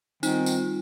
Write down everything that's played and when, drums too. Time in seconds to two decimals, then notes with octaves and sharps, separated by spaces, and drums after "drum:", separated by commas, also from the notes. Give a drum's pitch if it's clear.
0.23 D#3 G3 C4 D#4 F4, drum: tambourine
0.46 drum: tambourine